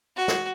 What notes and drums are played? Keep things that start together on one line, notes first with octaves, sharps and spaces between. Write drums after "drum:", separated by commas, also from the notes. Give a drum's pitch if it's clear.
F#4
drum: snare